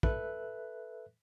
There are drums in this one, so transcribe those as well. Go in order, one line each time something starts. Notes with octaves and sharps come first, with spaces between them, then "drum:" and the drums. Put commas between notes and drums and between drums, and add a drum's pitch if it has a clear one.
A4 B4 E5 F#6, drum: kick